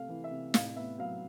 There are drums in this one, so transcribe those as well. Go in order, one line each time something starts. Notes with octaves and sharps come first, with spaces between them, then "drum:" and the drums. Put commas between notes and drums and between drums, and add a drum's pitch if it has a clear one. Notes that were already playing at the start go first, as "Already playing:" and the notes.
Already playing: C3 A3 F5
E3
E5
C3
A2 F5, drum: snare
B3 E5
F#3 F5